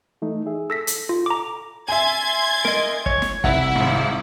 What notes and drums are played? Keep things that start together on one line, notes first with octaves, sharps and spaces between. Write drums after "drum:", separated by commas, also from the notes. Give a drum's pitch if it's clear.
E3 A3 D#4
G#4 E5
A4 E6 A#6 B6
drum: hi-hat
F4
A#5 D6
E5 G#5 C6 G#6 A6
A#4 D#5, drum: snare
C#5, drum: kick
drum: snare
C2 E4 E5 F#5, drum: kick
G#1 G#2